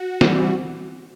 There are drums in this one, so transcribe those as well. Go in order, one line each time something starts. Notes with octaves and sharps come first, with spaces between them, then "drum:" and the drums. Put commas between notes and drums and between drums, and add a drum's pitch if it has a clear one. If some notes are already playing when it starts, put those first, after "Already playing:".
Already playing: F#4
E3 G3 C4, drum: snare